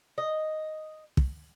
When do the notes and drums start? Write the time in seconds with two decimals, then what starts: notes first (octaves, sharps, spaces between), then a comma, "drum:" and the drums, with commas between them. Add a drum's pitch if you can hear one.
0.18 D#5
1.17 drum: kick